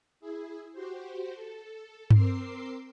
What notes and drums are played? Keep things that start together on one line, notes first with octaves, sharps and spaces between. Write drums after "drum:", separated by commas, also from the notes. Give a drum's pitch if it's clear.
E4 G#4
F#4 G4 C5
A4
C4 A#4 C6 D6 E6 C7, drum: tom G2